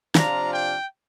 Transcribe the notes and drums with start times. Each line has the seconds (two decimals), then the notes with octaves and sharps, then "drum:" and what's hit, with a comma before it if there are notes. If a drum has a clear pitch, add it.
0.15 C3 F3 D4 F4 A#5, drum: snare
0.52 G5